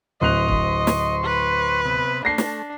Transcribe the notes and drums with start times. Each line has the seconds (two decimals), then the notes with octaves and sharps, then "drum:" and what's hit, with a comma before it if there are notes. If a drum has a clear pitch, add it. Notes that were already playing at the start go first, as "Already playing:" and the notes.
0.21 D1 C5 D#5 C6 C#6 F#6 F7
0.49 drum: kick
0.87 drum: snare
1.23 B4
1.85 C3 B3
2.25 A3 D4 A#6 C7
2.38 drum: snare